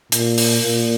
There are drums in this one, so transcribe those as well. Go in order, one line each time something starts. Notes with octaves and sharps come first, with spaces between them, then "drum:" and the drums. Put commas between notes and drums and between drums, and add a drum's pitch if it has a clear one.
A#2, drum: hi-hat
drum: open hi-hat
A#2